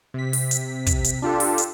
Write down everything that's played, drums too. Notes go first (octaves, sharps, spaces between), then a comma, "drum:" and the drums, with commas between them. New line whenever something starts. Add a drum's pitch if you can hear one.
C3 B6
drum: open hi-hat
drum: hi-hat
drum: kick, hi-hat
drum: hi-hat
D4 F4 G4 A4
drum: open hi-hat
drum: hi-hat